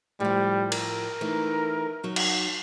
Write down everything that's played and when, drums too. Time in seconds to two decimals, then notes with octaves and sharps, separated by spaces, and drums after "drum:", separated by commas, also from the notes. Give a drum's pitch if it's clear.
0.20 A2 F3 G3
0.72 A#4, drum: cymbal
1.21 E3 A3 D#4
2.03 F#3 D#4
2.16 drum: cymbal